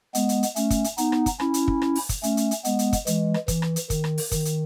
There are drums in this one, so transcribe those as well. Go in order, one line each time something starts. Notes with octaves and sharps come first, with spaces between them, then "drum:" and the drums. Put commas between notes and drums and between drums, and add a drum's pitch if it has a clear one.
G#3 B3, drum: hi-hat
drum: hi-hat
drum: hi-hat
A3 C#4, drum: hi-hat
drum: kick, hi-hat
drum: hi-hat
B3 D#4, drum: hi-hat
drum: rim click
drum: kick, hi-hat
C#4 E4, drum: rim click
drum: hi-hat
drum: kick
drum: rim click
drum: open hi-hat
drum: kick, hi-hat
A3 C#4, drum: hi-hat
drum: hi-hat
drum: hi-hat
G#3 B3, drum: hi-hat
drum: hi-hat
drum: kick, hi-hat
E3 G#3, drum: hi-hat
drum: rim click
E3, drum: kick, hi-hat
drum: rim click
drum: hi-hat
D#3, drum: kick, hi-hat
drum: rim click
drum: open hi-hat
D#3, drum: kick, hi-hat
drum: hi-hat